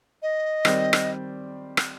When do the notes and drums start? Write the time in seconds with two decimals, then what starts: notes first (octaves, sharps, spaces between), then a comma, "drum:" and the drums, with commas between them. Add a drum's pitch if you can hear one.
0.22 D#5
0.65 D#3 G3 C4, drum: rim click
0.93 drum: rim click
1.77 drum: rim click